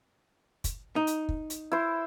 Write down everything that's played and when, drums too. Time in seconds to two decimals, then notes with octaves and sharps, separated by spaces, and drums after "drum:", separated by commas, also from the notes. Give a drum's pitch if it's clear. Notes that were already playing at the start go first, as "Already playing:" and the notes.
0.64 drum: kick, hi-hat
0.96 D#4
1.07 drum: hi-hat
1.29 drum: kick
1.50 drum: hi-hat
1.72 E4 C5